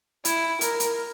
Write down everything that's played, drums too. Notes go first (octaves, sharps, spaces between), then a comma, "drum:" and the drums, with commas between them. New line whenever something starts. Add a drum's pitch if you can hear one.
E4, drum: hi-hat
A#4, drum: hi-hat
drum: hi-hat